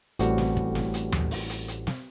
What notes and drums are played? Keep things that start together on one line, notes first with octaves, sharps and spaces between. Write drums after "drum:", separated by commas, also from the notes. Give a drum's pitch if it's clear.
A1 A2 G3 C4 F#4, drum: hi-hat
drum: snare
drum: kick
drum: snare
drum: hi-hat
drum: tom D#2
drum: open hi-hat
drum: hi-hat
drum: hi-hat
drum: snare